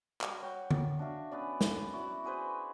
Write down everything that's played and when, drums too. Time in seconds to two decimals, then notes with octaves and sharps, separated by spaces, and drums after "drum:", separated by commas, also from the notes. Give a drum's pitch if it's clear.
0.21 G3 F#4, drum: clap
0.43 C#5 F#5 G5
0.71 drum: tom D3
0.99 D4 F#4 E5 F5
1.32 B3 C#4 D5
1.61 drum: snare
1.93 E4 F#4 D5
2.24 F#4 G#4 B4 C5